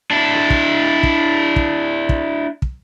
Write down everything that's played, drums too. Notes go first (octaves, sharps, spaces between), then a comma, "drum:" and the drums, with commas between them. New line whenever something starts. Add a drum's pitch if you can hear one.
D4 E4
drum: kick
drum: kick
drum: kick
drum: kick
drum: kick